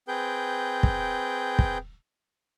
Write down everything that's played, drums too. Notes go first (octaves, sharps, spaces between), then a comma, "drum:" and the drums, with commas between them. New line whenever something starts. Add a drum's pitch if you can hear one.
C4 G#4 B4 G5 G6
drum: kick
drum: kick